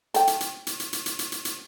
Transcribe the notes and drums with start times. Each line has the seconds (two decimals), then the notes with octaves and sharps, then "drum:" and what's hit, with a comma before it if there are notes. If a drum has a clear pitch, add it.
0.14 A4 G5, drum: hi-hat
0.27 drum: hi-hat
0.40 drum: hi-hat
0.67 drum: hi-hat
0.80 drum: hi-hat
0.93 drum: hi-hat
1.06 drum: hi-hat
1.19 drum: hi-hat
1.32 drum: hi-hat
1.45 drum: hi-hat